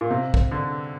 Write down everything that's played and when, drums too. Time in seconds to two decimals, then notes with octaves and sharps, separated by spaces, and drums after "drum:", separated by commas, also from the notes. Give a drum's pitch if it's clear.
0.01 A#2
0.10 C3
0.34 drum: kick
0.51 D3